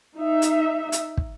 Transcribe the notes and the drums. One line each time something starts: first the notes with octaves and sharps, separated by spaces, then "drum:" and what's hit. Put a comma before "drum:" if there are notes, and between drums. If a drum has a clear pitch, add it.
D#4 E5
drum: hi-hat
drum: hi-hat
drum: kick